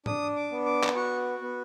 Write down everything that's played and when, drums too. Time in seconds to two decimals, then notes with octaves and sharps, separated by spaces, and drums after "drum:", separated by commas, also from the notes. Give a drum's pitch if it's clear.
0.06 D4 D#6, drum: tom G#2
0.36 D6
0.52 B3
0.66 D6
0.83 drum: clap
0.96 F#4 C#6
1.42 B3